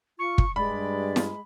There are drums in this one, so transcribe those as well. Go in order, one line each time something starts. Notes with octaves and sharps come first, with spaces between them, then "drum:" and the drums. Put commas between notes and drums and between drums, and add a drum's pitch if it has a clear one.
F4 C#6
drum: kick
G2 G#3 D5 B5
drum: snare